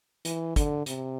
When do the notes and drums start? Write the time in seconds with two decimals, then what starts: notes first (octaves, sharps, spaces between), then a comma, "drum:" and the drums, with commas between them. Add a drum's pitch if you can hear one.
0.25 E3, drum: hi-hat
0.56 D3, drum: kick, hi-hat
0.86 C3, drum: hi-hat